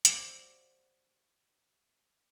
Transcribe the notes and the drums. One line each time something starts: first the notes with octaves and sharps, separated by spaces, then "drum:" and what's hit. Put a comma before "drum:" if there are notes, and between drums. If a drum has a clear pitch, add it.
F#4 G4 C5 D5 F5 F#5, drum: hi-hat